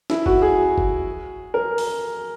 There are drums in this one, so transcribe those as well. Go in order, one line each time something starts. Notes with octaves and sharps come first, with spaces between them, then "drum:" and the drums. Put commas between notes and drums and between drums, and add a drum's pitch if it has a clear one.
E4, drum: snare
F#4, drum: kick F#1
G#4
drum: kick F#1
A#4
drum: open hi-hat